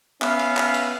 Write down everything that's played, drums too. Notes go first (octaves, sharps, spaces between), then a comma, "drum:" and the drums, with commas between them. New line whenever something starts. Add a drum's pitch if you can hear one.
B3 C#4 E5 F5, drum: clap
drum: cymbal
drum: clap
drum: cymbal